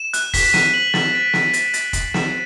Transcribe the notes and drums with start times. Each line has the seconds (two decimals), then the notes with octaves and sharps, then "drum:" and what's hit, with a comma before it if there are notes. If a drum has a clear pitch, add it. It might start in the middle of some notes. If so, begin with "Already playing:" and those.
Already playing: E7
0.13 F#6, drum: hi-hat
0.34 B6, drum: kick F1, open hi-hat
0.54 D#7, drum: snare
0.74 F#7
0.94 A6, drum: snare
1.14 D7
1.33 F#7, drum: snare
1.53 A6, drum: hi-hat
1.74 A6, drum: hi-hat
1.93 C7, drum: kick F1, hi-hat
2.14 E7, drum: snare